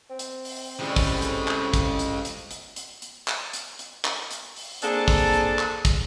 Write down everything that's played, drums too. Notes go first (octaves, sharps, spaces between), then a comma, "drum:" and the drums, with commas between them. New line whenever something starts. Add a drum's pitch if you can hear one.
C4
drum: hi-hat
drum: open hi-hat
A2 C#3 G3 G#3
drum: kick, open hi-hat
drum: hi-hat
drum: clap
drum: kick, hi-hat
drum: hi-hat
drum: hi-hat
drum: hi-hat
drum: hi-hat
drum: hi-hat
drum: clap
drum: hi-hat
drum: hi-hat
drum: clap
drum: hi-hat
drum: open hi-hat
A#3 C4 D4 G#4 A4, drum: hi-hat
drum: kick, open hi-hat
drum: hi-hat
drum: clap
drum: kick, hi-hat